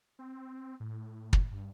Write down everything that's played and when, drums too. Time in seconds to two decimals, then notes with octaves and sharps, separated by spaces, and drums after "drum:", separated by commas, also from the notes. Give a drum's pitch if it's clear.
0.19 C4
0.80 A2
1.33 drum: kick
1.52 G2